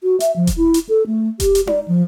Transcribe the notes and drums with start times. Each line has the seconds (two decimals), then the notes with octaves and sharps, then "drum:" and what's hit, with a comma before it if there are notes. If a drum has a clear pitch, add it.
0.03 F#4
0.20 E5, drum: hi-hat
0.36 F3
0.47 drum: kick E1, hi-hat
0.57 E4
0.74 drum: hi-hat
0.89 A4
1.07 A3
1.40 G4, drum: kick E1, hi-hat
1.55 drum: hi-hat
1.67 D5, drum: tom D#4
1.88 F3